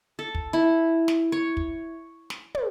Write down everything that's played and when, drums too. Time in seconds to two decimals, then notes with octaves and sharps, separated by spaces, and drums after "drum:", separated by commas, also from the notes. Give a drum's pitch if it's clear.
0.19 A4
0.35 drum: kick
0.53 E4
1.08 drum: snare
1.32 C#5
1.57 drum: kick
2.30 drum: snare
2.55 drum: tom